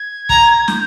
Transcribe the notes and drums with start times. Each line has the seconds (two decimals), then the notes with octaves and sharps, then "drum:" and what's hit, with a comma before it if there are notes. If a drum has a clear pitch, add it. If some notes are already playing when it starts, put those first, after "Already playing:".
Already playing: G#6
0.29 A#5, drum: kick
0.68 G6, drum: snare